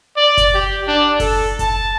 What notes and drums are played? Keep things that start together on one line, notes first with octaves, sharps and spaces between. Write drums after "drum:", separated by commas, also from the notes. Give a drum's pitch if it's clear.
D5
drum: kick F#1, hi-hat
G4
D4
A4, drum: kick F#1, open hi-hat
A5, drum: kick F#1, hi-hat